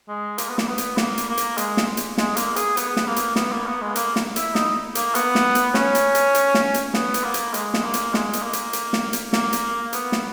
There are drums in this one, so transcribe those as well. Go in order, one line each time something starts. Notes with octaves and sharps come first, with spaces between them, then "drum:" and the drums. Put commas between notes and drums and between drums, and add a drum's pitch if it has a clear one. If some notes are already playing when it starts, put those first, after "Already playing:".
G#3
A#3, drum: hi-hat
B3
A#3, drum: snare
B3
drum: hi-hat
A#3, drum: snare
drum: hi-hat
A#3
drum: hi-hat
G#3, drum: hi-hat
drum: snare
drum: hi-hat
G#3, drum: snare
A#3, drum: hi-hat
G#4, drum: hi-hat
B3, drum: hi-hat
drum: snare
A#3
drum: hi-hat
B3, drum: snare
A#3
B3
G#3
A#3, drum: hi-hat
drum: snare
E4, drum: hi-hat
D#4, drum: snare
A#3, drum: hi-hat
B3, drum: hi-hat
drum: snare
drum: hi-hat
C#4, drum: snare
drum: hi-hat
drum: hi-hat
drum: hi-hat
drum: snare
drum: hi-hat
B3, drum: snare
drum: hi-hat
A#3
drum: hi-hat
G#3, drum: hi-hat
drum: snare
A#3
drum: hi-hat
G#3, drum: snare
drum: hi-hat
A#3
drum: hi-hat
drum: hi-hat
drum: snare
drum: hi-hat
A#3, drum: snare
drum: hi-hat
B3, drum: hi-hat
drum: snare